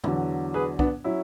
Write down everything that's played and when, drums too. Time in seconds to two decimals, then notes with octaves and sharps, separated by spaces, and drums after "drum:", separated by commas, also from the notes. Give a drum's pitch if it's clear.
0.04 E2 D3 F#3, drum: tom
0.54 G#4 B4
0.79 B3 D4, drum: kick
1.04 F#3 C#4 E4